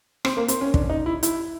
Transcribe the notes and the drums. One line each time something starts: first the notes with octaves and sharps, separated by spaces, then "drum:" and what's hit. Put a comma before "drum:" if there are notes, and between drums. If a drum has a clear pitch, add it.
C4, drum: rim click
A#3
C4, drum: hi-hat
C#4
D4, drum: kick
D#4
E4
E4, drum: hi-hat